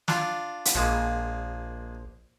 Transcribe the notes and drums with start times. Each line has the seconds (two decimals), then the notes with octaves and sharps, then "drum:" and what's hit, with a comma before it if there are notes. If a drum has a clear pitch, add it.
0.08 D4 F4, drum: snare
0.65 drum: hi-hat
0.75 A#1 F3 G#3 A#3